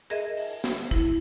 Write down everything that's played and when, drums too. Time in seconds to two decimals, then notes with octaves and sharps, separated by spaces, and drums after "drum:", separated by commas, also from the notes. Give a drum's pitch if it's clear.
0.10 G#4 A#4 D#5 E5, drum: hi-hat
0.37 drum: open hi-hat
0.64 drum: snare
0.91 E4, drum: kick, hi-hat